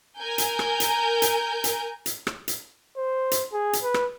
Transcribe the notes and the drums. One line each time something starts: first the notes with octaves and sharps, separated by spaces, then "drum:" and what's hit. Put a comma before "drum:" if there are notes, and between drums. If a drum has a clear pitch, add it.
A#4 G#5 G6
drum: hi-hat
drum: rim click
drum: hi-hat
drum: hi-hat
drum: hi-hat
drum: hi-hat
drum: rim click
drum: hi-hat
C5
drum: hi-hat
G#4
drum: hi-hat
B4
drum: rim click